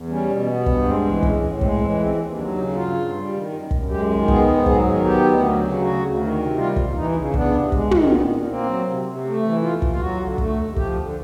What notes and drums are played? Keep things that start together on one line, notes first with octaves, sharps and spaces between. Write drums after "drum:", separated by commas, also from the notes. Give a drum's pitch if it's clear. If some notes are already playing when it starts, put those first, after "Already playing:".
Already playing: E2
G3 C#4
B2
B3
G2, drum: kick
G#3 C4
E3
A2 C#4, drum: kick
A2
G#3 C4, drum: kick
E3 C4
D#2 C4
D#2
F#3 D4
C#3 D#4
G2 F4
G2
G3
D#3
F#2
F#2, drum: kick
G#3 G4
D#3
B3 G#4, drum: kick
G#2
F#3 G#4, drum: kick
D#3
B3 G4
D2
F#3
C#3
D2 F#4
D2
D#3
C3
G3 F4
D#2, drum: kick
E3 D#4
C#3
B3 D4, drum: kick
C3
G#3, drum: kick
D#3, drum: tom
A#2 B3
A#2
A#3 C4
F#3
C3
C3
A3
E3
D#2 F4
D#2, drum: kick
F4
F#3 F#4
D3
A3, drum: kick
D#2
F3 G4, drum: kick
D3